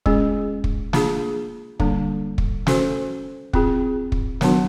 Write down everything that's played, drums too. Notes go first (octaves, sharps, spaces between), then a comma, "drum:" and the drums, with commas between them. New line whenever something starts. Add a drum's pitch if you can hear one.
G#3 C#4 F4 G#4, drum: kick
drum: kick
A#3 D4 F4 G#4, drum: snare
D3 G3 A#3 D4, drum: kick
drum: kick
C#4 F#4 A4 C5, drum: snare
C4 F4 G#4, drum: kick
drum: kick
D#3 F#3 B3 D4 F#4, drum: snare